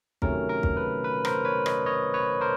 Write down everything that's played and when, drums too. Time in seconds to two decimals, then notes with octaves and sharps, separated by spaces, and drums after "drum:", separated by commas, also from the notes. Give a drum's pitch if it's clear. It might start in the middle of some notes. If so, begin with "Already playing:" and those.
0.22 C3 D#3 F#3 A3 C#4 A#4, drum: kick
0.49 A#4
0.63 drum: kick
0.77 B4
1.04 B4
1.25 A#4 C5, drum: rim click
1.45 B4 C#5
1.66 C#5 D#5, drum: rim click
1.86 C#5 D#5
2.14 B4 C#5
2.41 A#4 C5